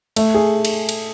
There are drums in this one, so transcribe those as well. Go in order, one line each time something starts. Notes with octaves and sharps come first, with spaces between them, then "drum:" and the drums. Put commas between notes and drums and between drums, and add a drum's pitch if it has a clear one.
A3, drum: cymbal
G#4
drum: cymbal
drum: cymbal